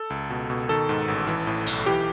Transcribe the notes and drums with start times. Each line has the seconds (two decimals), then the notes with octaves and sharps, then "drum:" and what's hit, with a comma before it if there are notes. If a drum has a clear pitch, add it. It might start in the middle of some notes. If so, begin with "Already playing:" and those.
Already playing: A4
0.10 C#2
0.30 B2
0.50 B2
0.69 D#3 A4
0.89 G#2
1.08 A1
1.27 E3
1.47 A2
1.67 B1, drum: open hi-hat
1.86 E3 G4